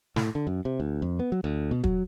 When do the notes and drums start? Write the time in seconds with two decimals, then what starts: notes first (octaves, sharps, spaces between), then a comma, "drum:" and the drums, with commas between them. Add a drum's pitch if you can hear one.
0.16 A2, drum: snare
0.35 D3
0.47 F#2
0.65 C3
0.80 D2
1.02 F2
1.19 B3
1.32 F#3
1.44 D2
1.71 B2
1.84 F#3, drum: kick